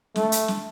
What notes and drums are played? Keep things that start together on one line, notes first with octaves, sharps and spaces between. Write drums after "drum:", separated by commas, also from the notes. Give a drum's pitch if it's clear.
A3, drum: snare
drum: hi-hat
drum: snare